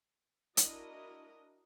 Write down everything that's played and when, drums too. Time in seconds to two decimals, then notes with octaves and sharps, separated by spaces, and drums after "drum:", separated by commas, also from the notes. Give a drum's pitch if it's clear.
0.57 D4 E4 F#4 A#4 D#5, drum: hi-hat